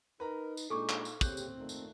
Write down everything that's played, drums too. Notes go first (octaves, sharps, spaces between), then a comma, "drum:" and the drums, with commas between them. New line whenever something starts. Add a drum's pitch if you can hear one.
D#4 A#4 B4 A#5
drum: tambourine
A#2 G#3 D4 D#4 A4 C#6 D6
drum: clap
drum: tambourine
C#3 C4 G4 F#6 G6, drum: kick, tambourine
drum: tambourine
A#2 D#3 A3
drum: tambourine